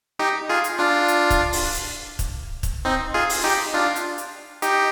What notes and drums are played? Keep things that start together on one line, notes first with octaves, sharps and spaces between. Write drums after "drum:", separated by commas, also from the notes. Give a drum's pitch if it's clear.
D#4 G4
F4 G#4
drum: hi-hat
D4 F4
drum: hi-hat
drum: kick, hi-hat
drum: open hi-hat
drum: hi-hat
drum: kick, hi-hat
drum: kick, hi-hat
C4 D#4
F4 G#4
drum: open hi-hat
D#4 G4
D4 F4
drum: hi-hat
drum: hi-hat
D#4 G4, drum: hi-hat